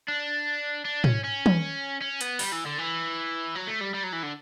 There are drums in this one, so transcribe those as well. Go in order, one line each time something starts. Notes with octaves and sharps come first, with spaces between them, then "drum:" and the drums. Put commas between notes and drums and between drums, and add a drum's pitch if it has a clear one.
D4
D4
C#4, drum: tom
C#4
drum: tom
C#4
B3, drum: hi-hat
G3, drum: open hi-hat
E3
D3
E3
F#3
A3
G3
G3
F#3
E3
D3